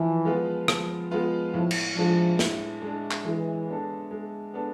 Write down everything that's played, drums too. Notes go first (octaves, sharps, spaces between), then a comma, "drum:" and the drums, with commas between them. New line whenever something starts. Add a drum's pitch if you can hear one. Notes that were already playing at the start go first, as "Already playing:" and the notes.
Already playing: E3 F3
G#3 B3 F4 B4
F3, drum: rim click
G#3 B3 F4 B4
A2 F3
drum: cymbal
F3 G#3 D4
A2, drum: snare
G#3 D4
drum: clap
E3 G#3
B3 D4 A4
G#3
B3 D4 A4